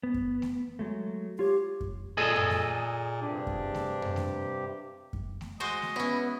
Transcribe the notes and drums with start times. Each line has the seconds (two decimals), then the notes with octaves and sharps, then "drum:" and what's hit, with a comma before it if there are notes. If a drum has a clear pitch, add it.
0.03 B3
0.14 drum: kick F#2
0.42 drum: snare A3
0.79 F#3 G#3 A3
1.39 F4 G4 C#5
1.81 drum: kick F#2
2.17 A#2 G#4 A4 D#5
2.36 drum: tom F#2
2.50 drum: snare A3
3.22 G2 C3 D4 G4
3.47 drum: kick F#2
3.74 drum: snare A3
4.02 drum: tom F#2
4.16 drum: snare A3
5.13 drum: kick F#2
5.41 drum: snare A3
5.60 G#3 F#4 C5 D#5
5.82 drum: snare A3
5.96 B3 C#4 E4